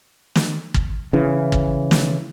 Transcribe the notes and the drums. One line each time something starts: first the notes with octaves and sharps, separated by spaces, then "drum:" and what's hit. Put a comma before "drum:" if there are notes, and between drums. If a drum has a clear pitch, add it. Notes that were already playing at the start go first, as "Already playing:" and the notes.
drum: snare
drum: kick
C#3 E3
drum: kick
drum: snare